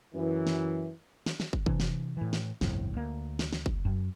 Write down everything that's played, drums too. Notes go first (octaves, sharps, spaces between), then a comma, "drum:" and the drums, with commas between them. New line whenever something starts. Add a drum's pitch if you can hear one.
F#2 E3
drum: snare
drum: snare
drum: snare
drum: kick
C3 E3 D4, drum: kick
drum: snare
A2 E3
drum: snare
G1 C2 F2 A2, drum: snare
D2 A#3
drum: snare
drum: snare
drum: kick
F#2